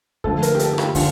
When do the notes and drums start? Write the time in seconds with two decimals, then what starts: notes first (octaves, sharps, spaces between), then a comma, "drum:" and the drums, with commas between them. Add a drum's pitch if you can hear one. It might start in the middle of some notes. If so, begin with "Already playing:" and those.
0.24 D3 F3 A3 A4, drum: kick
0.42 A#4, drum: hi-hat
0.55 G4
0.59 A4, drum: hi-hat
0.73 G4
0.78 F4, drum: rim click
0.95 D3 F4, drum: kick, open hi-hat